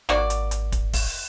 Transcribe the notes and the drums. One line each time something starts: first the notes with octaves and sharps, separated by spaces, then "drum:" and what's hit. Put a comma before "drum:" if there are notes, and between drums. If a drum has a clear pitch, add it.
G#1 A#3 F#4 D5, drum: snare
drum: hi-hat
drum: hi-hat
drum: kick, hi-hat
drum: kick, open hi-hat